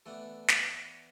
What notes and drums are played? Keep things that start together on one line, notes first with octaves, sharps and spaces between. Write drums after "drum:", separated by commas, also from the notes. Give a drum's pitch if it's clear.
E3 A3 B3 D4 A4
drum: snare